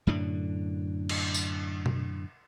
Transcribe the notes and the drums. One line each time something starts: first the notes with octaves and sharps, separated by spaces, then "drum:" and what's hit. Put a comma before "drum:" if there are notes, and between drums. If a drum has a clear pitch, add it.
F#2 A2 D3 D4
drum: cymbal
drum: tambourine
drum: tom B2